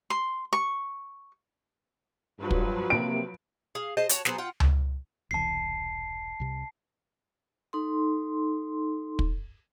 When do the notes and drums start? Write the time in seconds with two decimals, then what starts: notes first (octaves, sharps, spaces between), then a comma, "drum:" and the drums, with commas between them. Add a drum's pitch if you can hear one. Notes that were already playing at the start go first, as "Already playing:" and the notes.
0.10 C6
0.53 C#6
2.39 G2 F3 F#3 B4
2.51 drum: kick
2.90 C3 A#3 D7
3.75 G#4 F5
3.97 G#4 C5 D#5 A5
4.09 F#4 C#5 G#5 A5, drum: hi-hat
4.25 F#3 B3 G#4 C5, drum: snare
4.38 F4 F#5 G5
4.60 drum: tom C#2
5.31 E1 C2 E3 A5 C7
6.40 C2 C3
7.73 D#4 A4 C6
9.19 drum: kick